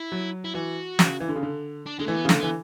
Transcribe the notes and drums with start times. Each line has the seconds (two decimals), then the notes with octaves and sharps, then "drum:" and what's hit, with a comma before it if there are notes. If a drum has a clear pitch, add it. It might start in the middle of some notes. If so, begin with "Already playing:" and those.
Already playing: E4
0.12 F#3
0.44 E4
0.55 E3 F#4
0.99 C#3, drum: snare
1.20 E3
1.28 D3
1.35 C#3
1.43 D3
1.86 D4
1.99 D3 G#3
2.07 E3 A3
2.15 B3
2.25 C#3
2.29 D3 A3, drum: snare
2.39 E3 B3